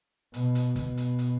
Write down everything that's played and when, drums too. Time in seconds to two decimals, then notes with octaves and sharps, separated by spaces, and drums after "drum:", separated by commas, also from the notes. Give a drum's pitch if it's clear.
0.34 B2, drum: hi-hat
0.55 drum: hi-hat
0.76 B2, drum: kick, hi-hat
0.97 drum: hi-hat
1.19 drum: hi-hat